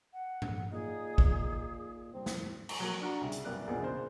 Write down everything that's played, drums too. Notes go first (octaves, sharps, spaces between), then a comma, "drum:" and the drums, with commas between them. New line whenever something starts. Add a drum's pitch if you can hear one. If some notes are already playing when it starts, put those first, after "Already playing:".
F#5
drum: tom G2
A#2 D#4 G#4
drum: kick
C2 C4
drum: snare
drum: cymbal
F#3 A#3
D4 F#4 A#5
C2 C#3
drum: hi-hat
C2 F#2 B3 A#4 D5 F#6
A#1 E2 B2 A#3 G#4 D5
C#3 A#4 C5